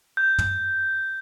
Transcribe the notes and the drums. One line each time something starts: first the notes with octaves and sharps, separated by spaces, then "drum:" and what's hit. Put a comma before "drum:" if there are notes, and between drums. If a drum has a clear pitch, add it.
G6
drum: tom